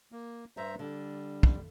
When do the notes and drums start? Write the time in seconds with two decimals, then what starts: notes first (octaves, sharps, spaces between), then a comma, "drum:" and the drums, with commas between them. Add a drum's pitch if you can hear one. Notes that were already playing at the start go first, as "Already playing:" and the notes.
0.12 A#3
0.57 G2 C5 E5 A#5
0.79 D3 G3
1.43 drum: kick